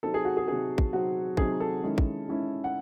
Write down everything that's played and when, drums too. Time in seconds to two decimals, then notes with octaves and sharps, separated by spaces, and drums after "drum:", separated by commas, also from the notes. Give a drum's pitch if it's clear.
0.03 C3 F#3 C4 D#4 A4
0.14 G#4
0.25 F#4
0.37 G#4
0.48 C3 F#3 C4 D#4 G#4
0.78 drum: kick
0.93 C3 F#3 C4 D#4 F#4
1.37 C3 F#3 C4 D#4 G#4, drum: kick
1.60 A4
1.83 D#3 G#3 C#4 E4
1.98 drum: kick
2.28 D#3 G#3 C#4 E4
2.64 F#5